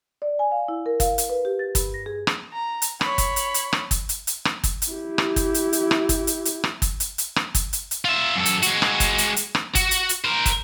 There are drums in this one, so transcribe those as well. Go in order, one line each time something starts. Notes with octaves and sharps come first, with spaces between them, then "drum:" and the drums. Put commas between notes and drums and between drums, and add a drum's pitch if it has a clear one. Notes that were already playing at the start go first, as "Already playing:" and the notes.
D5
G#5
F5
E4
A#4
F5, drum: kick, hi-hat
drum: hi-hat
B4
G4
A6
G2, drum: kick, hi-hat
A#6
G#4
drum: rim click
A#5
drum: hi-hat
C#5 B5, drum: rim click
drum: kick, hi-hat
drum: hi-hat
drum: hi-hat
drum: rim click
drum: kick, hi-hat
drum: hi-hat
drum: hi-hat
drum: rim click
drum: kick, hi-hat
drum: hi-hat
E4 G4
drum: rim click
drum: kick, hi-hat
drum: hi-hat
drum: hi-hat
drum: rim click
drum: kick, hi-hat
drum: hi-hat
drum: hi-hat
drum: rim click
drum: kick, hi-hat
drum: hi-hat
drum: hi-hat
drum: rim click
drum: kick, hi-hat
drum: hi-hat
drum: hi-hat
F4 E5
F#2 A4
drum: hi-hat
G#3 F#4, drum: hi-hat
drum: rim click
drum: kick, hi-hat
drum: hi-hat
drum: hi-hat
drum: rim click
F#4, drum: kick, hi-hat
drum: hi-hat
drum: hi-hat
A#4 C5
drum: kick, hi-hat